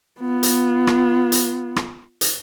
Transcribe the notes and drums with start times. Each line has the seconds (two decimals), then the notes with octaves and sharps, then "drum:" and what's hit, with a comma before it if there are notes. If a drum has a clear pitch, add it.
0.20 B3 F4
0.43 drum: hi-hat
0.87 drum: rim click
1.32 drum: hi-hat
1.76 drum: rim click
2.21 drum: hi-hat